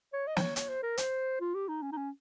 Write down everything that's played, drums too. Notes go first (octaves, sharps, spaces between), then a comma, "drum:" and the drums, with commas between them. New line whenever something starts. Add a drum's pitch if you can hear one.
C#5
D#5
C5, drum: snare
C#5
C#5, drum: hi-hat
C5
A#4
C5, drum: hi-hat
F4
G4
D#4
C#4
D#4
C#4